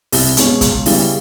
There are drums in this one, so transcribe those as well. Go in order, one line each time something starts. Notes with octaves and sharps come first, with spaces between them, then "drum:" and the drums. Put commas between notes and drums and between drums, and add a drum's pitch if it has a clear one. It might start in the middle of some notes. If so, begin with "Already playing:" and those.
C2, drum: open hi-hat
B2 G#3 C#4, drum: hi-hat
C#2, drum: kick, hi-hat
C#3 E3 G3 B3, drum: open hi-hat